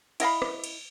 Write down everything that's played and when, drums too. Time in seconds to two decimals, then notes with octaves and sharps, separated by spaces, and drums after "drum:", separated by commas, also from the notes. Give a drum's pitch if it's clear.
0.20 E4 D#5 F5 B5, drum: cymbal
0.42 drum: rim click
0.64 drum: cymbal